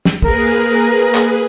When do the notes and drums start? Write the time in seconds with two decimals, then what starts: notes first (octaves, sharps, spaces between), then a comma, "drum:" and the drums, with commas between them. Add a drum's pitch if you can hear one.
0.05 drum: snare
0.22 A#3 G#4 A#4 B4, drum: kick
1.15 drum: clap